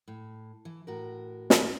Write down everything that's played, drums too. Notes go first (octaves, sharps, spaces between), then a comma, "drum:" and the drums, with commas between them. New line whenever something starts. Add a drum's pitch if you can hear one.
A2
E3
A2 F#4 A#4
drum: snare